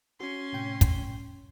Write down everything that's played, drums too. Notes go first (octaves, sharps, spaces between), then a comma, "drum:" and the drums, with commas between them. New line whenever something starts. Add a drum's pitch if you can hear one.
C#4 F#4 C6
A2 C3 G5
drum: kick, hi-hat